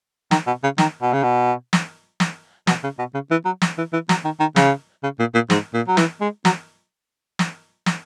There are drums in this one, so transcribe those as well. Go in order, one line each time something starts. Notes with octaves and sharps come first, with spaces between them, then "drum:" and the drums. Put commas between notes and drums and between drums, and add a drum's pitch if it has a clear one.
D#3, drum: snare
B2
C#3
D#3, drum: snare
B2
C#3
B2
drum: snare
drum: snare
B2, drum: snare
C#3
B2
C#3
E3
F#3
drum: snare
E3
E3
F#3, drum: snare
D#3
D#3
C#3, drum: snare
C#3
A#2
A#2
G#2, drum: snare
A#2
F#3
E3, drum: snare
G#3
F#3, drum: snare
drum: snare
drum: snare